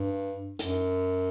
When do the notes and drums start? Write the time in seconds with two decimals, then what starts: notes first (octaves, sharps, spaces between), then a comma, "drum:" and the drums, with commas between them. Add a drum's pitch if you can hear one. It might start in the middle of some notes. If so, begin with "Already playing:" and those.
Already playing: G2
0.59 F#2, drum: hi-hat